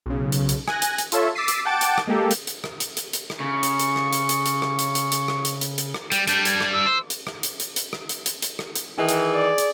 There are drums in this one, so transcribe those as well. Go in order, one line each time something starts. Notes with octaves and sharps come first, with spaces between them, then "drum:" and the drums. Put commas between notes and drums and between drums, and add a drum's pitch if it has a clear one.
B1 C#3
drum: hi-hat
drum: hi-hat
G#5 F#6 A#6, drum: rim click
drum: hi-hat
drum: hi-hat
F4 A4 C#5 E5, drum: hi-hat
D6 E6 A6 B6 C7 D#7
drum: hi-hat
F#5 G5 A5 D6 A6 D7
drum: hi-hat
drum: rim click
G#3 A#3 G4 A4
drum: hi-hat
drum: hi-hat
drum: rim click
drum: hi-hat
drum: hi-hat
drum: hi-hat
drum: rim click
C#3 C#6
drum: hi-hat
drum: hi-hat
drum: rim click
drum: hi-hat
drum: hi-hat
drum: hi-hat
drum: rim click
drum: hi-hat
drum: hi-hat
drum: hi-hat
drum: rim click
drum: hi-hat
drum: hi-hat
drum: hi-hat
drum: rim click
G3, drum: hi-hat
G3 D4 G6, drum: hi-hat
G#6, drum: hi-hat
drum: rim click
E6
C5
drum: hi-hat
drum: rim click
drum: hi-hat
drum: hi-hat
drum: hi-hat
drum: rim click
drum: hi-hat
drum: hi-hat
drum: hi-hat
drum: rim click
drum: hi-hat
D#3 E3 G#4
drum: hi-hat
D5
drum: hi-hat